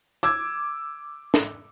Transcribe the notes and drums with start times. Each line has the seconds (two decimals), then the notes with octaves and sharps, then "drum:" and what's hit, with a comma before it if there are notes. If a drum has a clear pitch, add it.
0.23 D6 E6 G#6
1.34 drum: snare